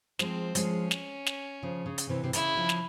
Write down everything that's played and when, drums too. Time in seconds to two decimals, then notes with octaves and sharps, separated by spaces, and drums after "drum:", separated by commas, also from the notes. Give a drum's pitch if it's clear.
0.19 F3 G#3 C4, drum: snare
0.55 F3 G#3 C#4, drum: hi-hat
0.91 drum: snare
1.26 drum: snare
1.63 C#3 F3
1.86 C#3
1.98 drum: hi-hat
2.09 C3 E3
2.24 C3
2.33 C#3 E4, drum: hi-hat
2.57 C#3 F3
2.69 drum: snare